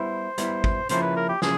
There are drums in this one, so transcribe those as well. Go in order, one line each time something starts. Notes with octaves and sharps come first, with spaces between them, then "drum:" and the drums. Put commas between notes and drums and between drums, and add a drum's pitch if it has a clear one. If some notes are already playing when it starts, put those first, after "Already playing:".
Already playing: G3 B3 E4 C5
G3 B3 E4, drum: hi-hat
drum: kick G#1
C#3 F3 A#3 C#4 E4 C5, drum: hi-hat
B4
A#4
G4
C#3 F3 A#3 C#4 G#4, drum: snare